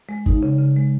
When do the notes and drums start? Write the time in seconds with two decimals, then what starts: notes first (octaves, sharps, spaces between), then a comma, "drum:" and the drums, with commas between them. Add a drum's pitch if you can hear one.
0.09 G#3
0.26 D#4, drum: kick
0.43 C#3
0.59 C#3
0.76 G#3